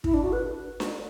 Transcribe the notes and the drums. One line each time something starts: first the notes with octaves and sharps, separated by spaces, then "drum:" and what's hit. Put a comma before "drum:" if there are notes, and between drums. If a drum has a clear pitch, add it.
E4, drum: kick
D4
F#4
B4
drum: snare D4